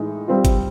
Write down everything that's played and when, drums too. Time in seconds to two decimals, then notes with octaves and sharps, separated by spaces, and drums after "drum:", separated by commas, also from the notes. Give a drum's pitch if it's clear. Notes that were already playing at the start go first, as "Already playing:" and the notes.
Already playing: A2 E3 G#3 D#4
0.28 G3 C4 F4
0.45 drum: kick G1, hi-hat